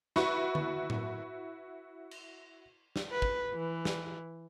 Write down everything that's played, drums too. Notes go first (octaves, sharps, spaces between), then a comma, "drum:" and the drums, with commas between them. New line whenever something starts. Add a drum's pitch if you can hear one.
E4 F#4 B4 C#6, drum: snare
drum: tom D3
drum: tom A2
drum: cymbal
drum: snare
B4
drum: kick
E3
drum: snare